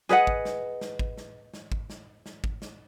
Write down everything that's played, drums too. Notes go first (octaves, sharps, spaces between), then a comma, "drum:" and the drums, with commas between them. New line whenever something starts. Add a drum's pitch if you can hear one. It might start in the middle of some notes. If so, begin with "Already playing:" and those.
G#4 B4 D#5 F#5, drum: snare
drum: kick G#1
drum: snare
drum: snare
drum: kick G#1
drum: snare
drum: snare
drum: kick G#1
drum: snare
drum: snare
drum: kick G#1
drum: snare